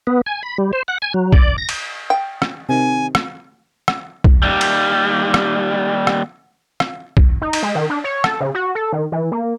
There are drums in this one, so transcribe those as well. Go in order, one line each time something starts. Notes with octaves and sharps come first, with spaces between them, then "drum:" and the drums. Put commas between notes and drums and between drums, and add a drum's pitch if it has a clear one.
B3
G#5
B5
G3
C5
F#5
G#5
F#3
D5, drum: kick B1
A#6
drum: cymbal
G5
drum: rim click
C3 D#3 G#5
drum: rim click
drum: rim click
drum: kick B1
D#2 G3
drum: cymbal
drum: rim click
drum: rim click
drum: rim click
drum: kick B1
D#4
drum: cymbal
G#3
D#3
D4
C#5
A4, drum: rim click
C#3
F#4
A4
D#3
E3
A#3